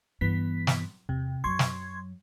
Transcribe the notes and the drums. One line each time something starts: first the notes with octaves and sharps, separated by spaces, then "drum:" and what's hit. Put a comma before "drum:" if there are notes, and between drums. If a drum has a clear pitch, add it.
G2 E3 B3 B6
drum: snare
E2 C3
F#2 F#3 C6 C#6 G#6
drum: snare